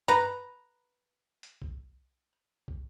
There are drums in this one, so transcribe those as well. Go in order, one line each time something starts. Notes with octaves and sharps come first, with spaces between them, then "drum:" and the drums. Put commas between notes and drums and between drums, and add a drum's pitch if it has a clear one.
B4 A#5, drum: tom G2
drum: hi-hat
drum: kick
drum: kick